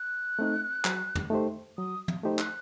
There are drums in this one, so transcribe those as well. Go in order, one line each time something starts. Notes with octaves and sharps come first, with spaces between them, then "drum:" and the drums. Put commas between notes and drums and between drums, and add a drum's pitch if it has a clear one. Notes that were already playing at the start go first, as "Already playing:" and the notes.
Already playing: F#6
A3 C4 D#4
F#3, drum: clap
drum: tom
A3 D#4 G4 C5
F#3 D#6
drum: tom
A3 D#4 G4 C5
F#6, drum: clap